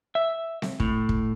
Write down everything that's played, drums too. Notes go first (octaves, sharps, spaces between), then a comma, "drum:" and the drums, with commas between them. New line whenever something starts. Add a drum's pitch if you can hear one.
E5
drum: snare C4
A2, drum: kick
drum: kick